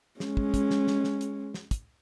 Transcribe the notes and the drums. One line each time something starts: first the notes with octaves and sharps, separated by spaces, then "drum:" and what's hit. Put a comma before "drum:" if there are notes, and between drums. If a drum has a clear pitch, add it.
G#3 C#4, drum: snare
drum: kick
drum: kick, hi-hat
drum: snare
drum: snare
drum: snare
drum: hi-hat
drum: snare
drum: kick, hi-hat